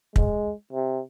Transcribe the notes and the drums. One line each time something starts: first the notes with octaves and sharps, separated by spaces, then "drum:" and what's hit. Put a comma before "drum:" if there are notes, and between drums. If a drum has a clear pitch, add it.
G#3, drum: kick
C3